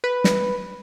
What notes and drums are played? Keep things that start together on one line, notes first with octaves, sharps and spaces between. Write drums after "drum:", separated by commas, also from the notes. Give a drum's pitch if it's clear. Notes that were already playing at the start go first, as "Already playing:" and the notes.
B4
drum: snare